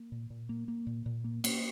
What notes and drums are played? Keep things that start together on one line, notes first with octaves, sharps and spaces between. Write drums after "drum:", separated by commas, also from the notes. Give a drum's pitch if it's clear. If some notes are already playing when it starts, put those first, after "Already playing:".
Already playing: A#3
A#2
A#2
A#3
A#3
A#2
A#2
A#3
A#3, drum: cymbal